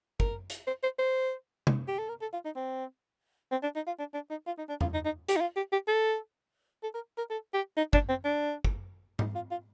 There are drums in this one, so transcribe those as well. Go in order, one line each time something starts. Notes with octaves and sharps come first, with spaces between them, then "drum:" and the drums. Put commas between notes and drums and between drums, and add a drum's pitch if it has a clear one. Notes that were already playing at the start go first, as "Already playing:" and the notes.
A#4, drum: kick
drum: hi-hat
C5
C5
C5
drum: tom C3
G4
A4
A#4
A4
F4
D#4
C4
C4
D4
D#4
F4
D4
D4
D#4
F4
D#4
D4
F4, drum: tom E2
D#4
D#4
G4, drum: hi-hat
D#4
F4
G4
G4
A4
A4
A#4
A#4
A4
G4
D#4
D4, drum: kick
C4
D4
drum: kick
D#4, drum: tom G#2
F4
F4